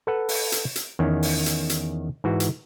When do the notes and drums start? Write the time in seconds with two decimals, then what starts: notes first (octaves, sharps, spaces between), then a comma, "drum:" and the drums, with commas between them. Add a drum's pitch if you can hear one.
0.07 A4 B4 F#5
0.29 drum: open hi-hat
0.52 drum: hi-hat
0.76 drum: hi-hat
0.99 E2 D#3 C#4
1.23 drum: open hi-hat
1.46 drum: hi-hat
1.70 drum: hi-hat
2.24 G#2 E3 F#4
2.40 drum: hi-hat